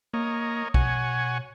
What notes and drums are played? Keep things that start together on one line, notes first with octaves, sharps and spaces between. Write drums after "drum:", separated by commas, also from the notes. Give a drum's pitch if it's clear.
A#3 A#4 C#5 D#5
B2 C#5 F#5 G#5, drum: kick A#1